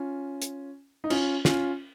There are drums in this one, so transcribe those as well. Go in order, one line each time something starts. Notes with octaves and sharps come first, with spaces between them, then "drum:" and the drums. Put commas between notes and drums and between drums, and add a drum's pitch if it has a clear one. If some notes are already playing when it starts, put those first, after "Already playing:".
Already playing: C#4 F4
drum: hi-hat
D#4
C#4 F4, drum: cymbal
C#4 F4, drum: snare